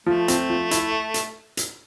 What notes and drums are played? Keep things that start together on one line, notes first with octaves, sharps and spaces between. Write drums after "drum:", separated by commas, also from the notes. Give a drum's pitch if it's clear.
F3 A3
C4, drum: hi-hat
F3
E4, drum: hi-hat
drum: hi-hat
drum: hi-hat